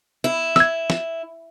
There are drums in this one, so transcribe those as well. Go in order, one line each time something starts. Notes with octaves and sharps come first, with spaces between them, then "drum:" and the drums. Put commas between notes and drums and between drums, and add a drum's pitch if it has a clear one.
E4
E6 G#6, drum: snare
drum: snare